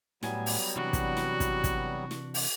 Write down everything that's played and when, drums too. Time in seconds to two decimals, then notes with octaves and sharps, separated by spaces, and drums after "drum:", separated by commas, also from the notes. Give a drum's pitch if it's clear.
0.23 A2 F#3 G3 B3 G#5, drum: snare
0.46 drum: open hi-hat
0.76 C3 E3 D4 F#4
0.93 drum: kick, hi-hat
1.17 drum: snare
1.40 drum: kick, hi-hat
1.64 drum: kick, hi-hat
2.11 drum: snare
2.34 drum: open hi-hat